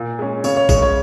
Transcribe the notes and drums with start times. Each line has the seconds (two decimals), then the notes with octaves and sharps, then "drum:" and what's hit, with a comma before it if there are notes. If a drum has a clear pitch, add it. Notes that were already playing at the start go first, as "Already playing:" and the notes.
Already playing: A#2
0.19 G#3 C#4
0.44 C#3 C#5, drum: tambourine
0.57 C#5
0.69 G#3 C#4, drum: kick, tambourine
0.82 C#5